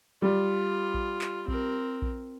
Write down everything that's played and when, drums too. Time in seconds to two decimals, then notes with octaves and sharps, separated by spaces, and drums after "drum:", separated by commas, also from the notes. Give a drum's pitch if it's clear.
0.22 G3 F4
0.94 drum: kick A#1
1.21 drum: clap
1.48 C4 A#4, drum: kick A#1
2.02 drum: kick A#1